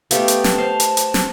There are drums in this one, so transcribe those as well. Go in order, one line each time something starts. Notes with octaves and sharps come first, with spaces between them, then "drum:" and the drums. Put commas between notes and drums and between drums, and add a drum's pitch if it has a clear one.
A3 B3 G4 F5, drum: hi-hat
drum: hi-hat
A5, drum: snare
C5 F5
drum: hi-hat
drum: hi-hat
drum: snare